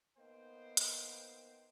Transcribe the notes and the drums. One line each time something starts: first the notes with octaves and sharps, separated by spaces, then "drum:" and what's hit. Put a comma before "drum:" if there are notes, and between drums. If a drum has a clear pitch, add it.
A#3 B3 D#4 C5 G5
drum: hi-hat